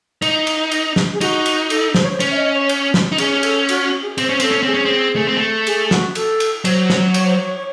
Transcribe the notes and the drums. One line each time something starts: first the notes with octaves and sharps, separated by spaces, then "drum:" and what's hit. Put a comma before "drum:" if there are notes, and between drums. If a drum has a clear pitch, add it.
D#4, drum: cymbal
drum: cymbal
drum: cymbal
drum: snare
G#4
D#4 F#4, drum: cymbal
drum: cymbal
A4, drum: cymbal
C5, drum: snare
C#5
C5
C#4, drum: cymbal
E5
D#5
C#5
drum: cymbal
drum: snare
D#4
C#4 G#4, drum: cymbal
A4, drum: cymbal
F#4, drum: cymbal
F#4
G#4
C4 C5, drum: cymbal
C#4 C5
C4 A4, drum: cymbal
C#4
C4 G#4
C#4
C4
A3
C4
A3
G#4, drum: cymbal
F#4, drum: snare
A4, drum: cymbal
drum: cymbal
F#3 C5, drum: cymbal
drum: snare
C#5, drum: cymbal
C5
C#5
C#5